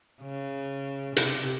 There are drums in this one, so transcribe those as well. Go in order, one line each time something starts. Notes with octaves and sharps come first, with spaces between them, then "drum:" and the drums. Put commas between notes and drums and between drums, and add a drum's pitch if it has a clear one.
C#3
C3, drum: hi-hat